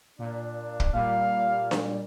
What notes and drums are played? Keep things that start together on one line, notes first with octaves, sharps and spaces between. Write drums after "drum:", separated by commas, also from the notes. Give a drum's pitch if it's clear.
A#2 D4
drum: kick
A#2 G3 F5
drum: snare D4